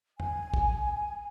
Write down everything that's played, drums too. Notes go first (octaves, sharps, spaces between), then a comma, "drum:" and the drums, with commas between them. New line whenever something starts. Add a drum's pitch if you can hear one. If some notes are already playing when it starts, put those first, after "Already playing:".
G#5, drum: tom E2
drum: kick